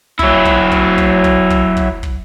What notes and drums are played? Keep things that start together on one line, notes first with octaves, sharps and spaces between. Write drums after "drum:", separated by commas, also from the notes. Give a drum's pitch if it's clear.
F#3 E4, drum: kick
drum: kick
drum: kick
drum: kick
drum: kick
drum: kick
drum: kick
drum: kick